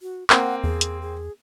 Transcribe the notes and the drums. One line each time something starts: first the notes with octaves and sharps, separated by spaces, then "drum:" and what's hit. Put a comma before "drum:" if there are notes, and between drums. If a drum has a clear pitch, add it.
F#4
A#3 C4 F#5, drum: clap
E2 G#4
drum: hi-hat
G#4